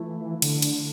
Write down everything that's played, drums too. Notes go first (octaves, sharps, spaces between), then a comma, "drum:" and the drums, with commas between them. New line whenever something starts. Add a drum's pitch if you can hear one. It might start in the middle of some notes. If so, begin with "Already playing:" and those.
Already playing: E3 F3 A3 E4
D3, drum: cymbal
drum: cymbal